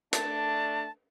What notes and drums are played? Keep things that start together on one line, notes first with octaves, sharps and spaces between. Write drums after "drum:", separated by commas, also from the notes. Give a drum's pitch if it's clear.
A3 D4 A5, drum: hi-hat